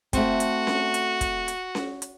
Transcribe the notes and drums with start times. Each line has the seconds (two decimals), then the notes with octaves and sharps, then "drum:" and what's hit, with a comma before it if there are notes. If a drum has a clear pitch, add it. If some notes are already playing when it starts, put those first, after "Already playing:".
0.13 A3 C4 F#4, drum: kick, hi-hat
0.40 drum: hi-hat
0.67 drum: snare C#4
0.94 drum: hi-hat
1.21 drum: kick, hi-hat
1.48 drum: hi-hat
1.75 drum: snare C#4
2.02 drum: hi-hat